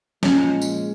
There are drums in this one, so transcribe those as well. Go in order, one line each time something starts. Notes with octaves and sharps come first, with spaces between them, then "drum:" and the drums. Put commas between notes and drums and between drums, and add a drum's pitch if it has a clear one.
A#2 F3 G#3 C#4, drum: snare
drum: tambourine